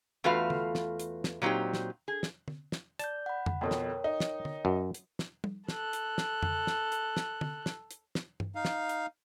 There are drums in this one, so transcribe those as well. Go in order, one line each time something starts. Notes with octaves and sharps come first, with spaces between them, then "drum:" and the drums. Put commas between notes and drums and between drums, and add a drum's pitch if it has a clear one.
E2 A3 F4 F#4 B4 F5
drum: tom D3
drum: snare
drum: hi-hat
drum: snare
A#2 F#3 C4 D#4 G4
drum: snare
G#4
drum: snare
drum: tom D3
drum: snare
D5 A5 G6, drum: hi-hat
F#5 B5
drum: tom F2
F2 B2 D3 A#4 C#5 G5
drum: snare
D#4
drum: snare
drum: tom D3
F#2
drum: hi-hat
drum: snare
drum: tom
A4 F#6, drum: snare
drum: hi-hat
drum: snare
drum: tom F2
drum: snare
drum: hi-hat
drum: snare
drum: tom D3
drum: snare
drum: hi-hat
drum: snare
drum: tom G2
D#4 F5
drum: snare
drum: hi-hat